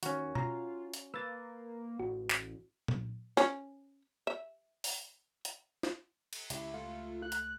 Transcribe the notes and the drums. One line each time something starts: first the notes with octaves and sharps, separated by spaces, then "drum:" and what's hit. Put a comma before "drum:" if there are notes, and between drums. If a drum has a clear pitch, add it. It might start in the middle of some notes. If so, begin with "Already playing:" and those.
D#2 C#4 F#4, drum: hi-hat
F4 A#5, drum: tom B2
drum: hi-hat
A#3 B4 E6 A6
A1 F#4
drum: clap
drum: tom A#2
C#4, drum: snare
E5
drum: open hi-hat
drum: hi-hat
drum: snare
drum: cymbal
C#2 E4 G4, drum: hi-hat
A3 F4
F#6
drum: hi-hat